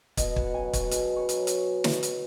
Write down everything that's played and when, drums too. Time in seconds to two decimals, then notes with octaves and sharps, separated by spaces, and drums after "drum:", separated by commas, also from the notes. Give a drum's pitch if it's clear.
0.17 B2 D#5, drum: kick, hi-hat
0.36 F#5, drum: kick
0.54 F#3 G#5
0.73 F#4, drum: kick, hi-hat
0.91 B2 G#4, drum: hi-hat
1.16 C#5
1.29 F#3, drum: hi-hat
1.47 drum: hi-hat
1.84 drum: snare
2.03 drum: hi-hat